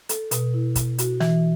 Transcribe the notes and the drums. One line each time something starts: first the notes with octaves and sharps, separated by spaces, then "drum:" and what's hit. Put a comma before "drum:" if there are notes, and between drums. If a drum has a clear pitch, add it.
A4, drum: hi-hat
B2, drum: hi-hat
E4
B2, drum: kick, hi-hat
F#4, drum: hi-hat
E3, drum: snare